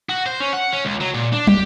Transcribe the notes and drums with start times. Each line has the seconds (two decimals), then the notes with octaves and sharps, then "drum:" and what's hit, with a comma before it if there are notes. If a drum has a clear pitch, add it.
0.09 F#4
0.26 C5
0.40 C#4
0.53 F#5
0.73 C#4
0.85 C#2
1.01 F#3
1.14 A#2
1.33 D4
1.47 G4, drum: tom